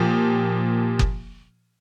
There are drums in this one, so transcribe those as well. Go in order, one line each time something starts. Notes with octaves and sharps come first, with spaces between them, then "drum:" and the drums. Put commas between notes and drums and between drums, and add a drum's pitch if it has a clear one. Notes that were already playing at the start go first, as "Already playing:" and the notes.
Already playing: A#2 F3 G4
drum: kick F#1